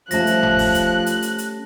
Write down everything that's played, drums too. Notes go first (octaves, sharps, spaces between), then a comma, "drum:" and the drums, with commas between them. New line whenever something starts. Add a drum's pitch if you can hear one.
F3 G3 A3 C#4 A5 F#6 A#6, drum: hi-hat
drum: hi-hat
drum: tom G1
drum: open hi-hat
drum: kick F1, hi-hat
drum: hi-hat
drum: hi-hat
drum: hi-hat